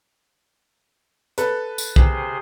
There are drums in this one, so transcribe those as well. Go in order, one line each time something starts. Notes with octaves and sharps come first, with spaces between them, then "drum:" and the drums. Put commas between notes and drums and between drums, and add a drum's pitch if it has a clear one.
A4 B4, drum: hi-hat
drum: tambourine
C3 G#4 C5, drum: kick B1